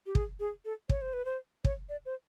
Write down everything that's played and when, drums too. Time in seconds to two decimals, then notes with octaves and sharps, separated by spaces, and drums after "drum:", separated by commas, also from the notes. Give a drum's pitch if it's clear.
0.06 G4
0.15 G#4, drum: kick
0.40 G#4
0.65 A4
0.89 C#5, drum: kick
1.01 C5
1.13 B4
1.25 C5
1.64 C#5, drum: kick
1.89 D5
2.06 C5